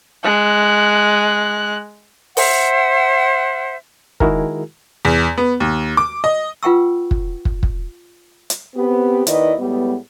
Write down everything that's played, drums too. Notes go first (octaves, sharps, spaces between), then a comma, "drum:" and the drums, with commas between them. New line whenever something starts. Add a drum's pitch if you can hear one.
G#3 F#6
C5 E5 F#5, drum: open hi-hat
D#3 G#3 E4 F#4 G#4 A#4, drum: kick
E2
B3
D#2
D6
D#5
F4 B4 F#5 G5 C#6 E6
drum: kick
drum: kick
drum: kick
drum: hi-hat
B3 C4 G4
D#2 D#3 E4 B4 D5 D#5, drum: hi-hat
A2 G3 G#3 B3